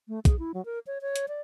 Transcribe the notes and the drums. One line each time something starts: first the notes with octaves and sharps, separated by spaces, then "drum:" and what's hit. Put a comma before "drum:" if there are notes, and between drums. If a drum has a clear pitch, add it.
A3
G#4, drum: kick, hi-hat
E4
F#3
A#4
C#5
C#5
drum: hi-hat
D5